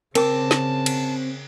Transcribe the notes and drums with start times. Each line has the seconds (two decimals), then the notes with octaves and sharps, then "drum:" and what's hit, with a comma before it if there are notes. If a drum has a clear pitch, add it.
0.15 C#3 C4 A#4 C5 G5 A5 D6, drum: cymbal
0.51 drum: snare
0.86 drum: cymbal